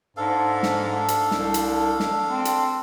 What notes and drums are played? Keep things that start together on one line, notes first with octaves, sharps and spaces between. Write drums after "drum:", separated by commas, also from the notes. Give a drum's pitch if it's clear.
G#2 D4 A4 F5
drum: snare
drum: hi-hat
C2, drum: snare
drum: hi-hat
drum: snare
C4
drum: hi-hat